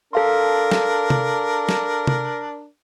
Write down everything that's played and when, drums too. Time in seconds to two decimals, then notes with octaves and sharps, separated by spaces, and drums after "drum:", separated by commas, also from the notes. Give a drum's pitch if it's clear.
0.13 D4 A4 A#4 F5 C6
0.72 drum: snare
1.10 drum: tom
1.69 drum: snare
2.07 drum: tom